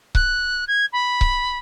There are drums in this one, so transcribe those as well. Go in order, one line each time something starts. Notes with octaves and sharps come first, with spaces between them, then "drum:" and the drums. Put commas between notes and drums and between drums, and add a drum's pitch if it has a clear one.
F#6, drum: kick C#1
G#6
B5
drum: kick C#1